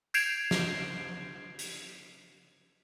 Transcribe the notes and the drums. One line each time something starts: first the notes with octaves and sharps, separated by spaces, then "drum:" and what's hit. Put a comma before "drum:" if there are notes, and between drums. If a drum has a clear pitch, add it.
G6 G#6 C7 D7 E7 F7, drum: tambourine
drum: snare
drum: hi-hat